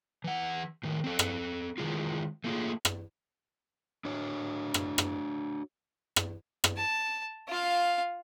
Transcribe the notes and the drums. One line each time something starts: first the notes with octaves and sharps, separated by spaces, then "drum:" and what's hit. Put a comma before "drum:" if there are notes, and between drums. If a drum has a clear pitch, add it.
E3 F#5
A2 D#3
C4 A4
drum: rim click
D#3 E3 G#3 F4
A3 A#3 F4 G#4
drum: rim click
D4 F#4 C#5
drum: rim click
drum: rim click
drum: rim click
drum: rim click
A5
F4 F5